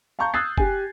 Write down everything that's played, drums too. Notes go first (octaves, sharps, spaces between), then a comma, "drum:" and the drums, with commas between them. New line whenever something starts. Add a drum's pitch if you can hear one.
F5 A5 A#5 C#6 G6
D#6 E6 F#6 G#6 A6 C7
G4 G#5, drum: kick F#1